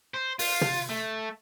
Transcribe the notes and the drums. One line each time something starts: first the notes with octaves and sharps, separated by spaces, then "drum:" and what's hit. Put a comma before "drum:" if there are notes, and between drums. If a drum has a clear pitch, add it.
C5
F4, drum: open hi-hat
drum: tom
A3